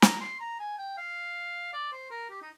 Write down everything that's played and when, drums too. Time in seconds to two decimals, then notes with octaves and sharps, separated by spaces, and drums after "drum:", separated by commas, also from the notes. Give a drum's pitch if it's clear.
0.02 A#5, drum: snare
0.21 C6
0.40 A#5
0.59 G#5
0.78 G5
0.97 F5
1.73 D5
1.92 C5
2.11 A#4
2.30 G4
2.42 D#4